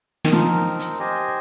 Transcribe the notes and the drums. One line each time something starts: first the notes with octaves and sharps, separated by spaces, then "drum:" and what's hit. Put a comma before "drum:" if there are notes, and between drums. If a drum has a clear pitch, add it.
D#3, drum: snare
F3 C4 D#4 A#4
drum: hi-hat
G4 C5 D#5 G#5